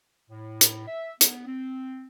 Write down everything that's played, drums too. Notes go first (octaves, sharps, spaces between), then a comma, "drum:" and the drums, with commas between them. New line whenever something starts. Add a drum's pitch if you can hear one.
A2
drum: hi-hat
E5
B3, drum: hi-hat
C4